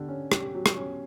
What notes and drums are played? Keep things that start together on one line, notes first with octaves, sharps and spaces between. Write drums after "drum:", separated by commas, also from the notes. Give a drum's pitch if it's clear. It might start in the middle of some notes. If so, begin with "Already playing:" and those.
Already playing: D3 G4
C#4
G4, drum: rim click
F#3
drum: rim click
C#4